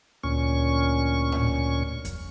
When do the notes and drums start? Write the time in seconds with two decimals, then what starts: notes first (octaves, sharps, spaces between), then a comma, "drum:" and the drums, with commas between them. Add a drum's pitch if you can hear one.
0.23 D2 A#2 C#4 C#6
1.32 drum: tom A2
2.05 drum: kick F2, hi-hat